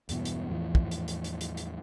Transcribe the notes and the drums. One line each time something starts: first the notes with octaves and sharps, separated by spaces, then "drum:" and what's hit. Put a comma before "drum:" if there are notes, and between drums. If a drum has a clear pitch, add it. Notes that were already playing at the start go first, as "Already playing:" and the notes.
E2 G2 B2 E3, drum: hi-hat
drum: hi-hat
E2 A2 E3 F3
drum: kick
drum: hi-hat
drum: hi-hat
drum: hi-hat
drum: hi-hat
drum: hi-hat